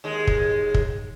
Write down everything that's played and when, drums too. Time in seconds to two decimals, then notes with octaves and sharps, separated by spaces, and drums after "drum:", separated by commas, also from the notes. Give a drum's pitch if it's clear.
0.04 D#2 G#3
0.27 drum: kick
0.74 drum: kick